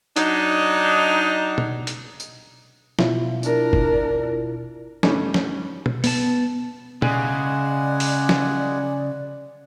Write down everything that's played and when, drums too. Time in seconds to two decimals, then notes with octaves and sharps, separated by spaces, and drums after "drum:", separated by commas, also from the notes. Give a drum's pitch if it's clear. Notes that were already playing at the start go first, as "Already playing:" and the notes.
0.16 F#3 D4 D#4, drum: hi-hat
1.58 drum: tom B2
1.87 drum: hi-hat
2.20 drum: tambourine
2.99 B2 E4 F4, drum: snare
3.43 D4 A#4, drum: tambourine
3.73 drum: kick
5.03 G2 G3 A3 C#4 D#4, drum: snare
5.34 drum: snare
5.86 drum: tom B2
6.04 B3 A5, drum: open hi-hat
7.02 C#3 G#3 D5 F#5 G#5, drum: tom B2
8.00 drum: open hi-hat
8.29 drum: snare